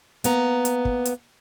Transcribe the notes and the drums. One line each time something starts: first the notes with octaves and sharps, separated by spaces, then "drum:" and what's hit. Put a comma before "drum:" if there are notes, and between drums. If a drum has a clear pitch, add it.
A#3 B3 A#5, drum: hi-hat
drum: hi-hat
drum: kick
drum: hi-hat